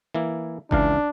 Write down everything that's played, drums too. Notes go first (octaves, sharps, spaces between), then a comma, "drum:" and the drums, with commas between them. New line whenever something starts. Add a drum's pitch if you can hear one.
E3 A#3 E4
C#2 E3 D4 F5, drum: kick G1